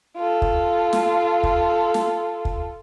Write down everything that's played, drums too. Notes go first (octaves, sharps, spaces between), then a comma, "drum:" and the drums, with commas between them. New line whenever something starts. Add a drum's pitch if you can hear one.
F4 A4
drum: kick
drum: snare
drum: kick
drum: snare
drum: kick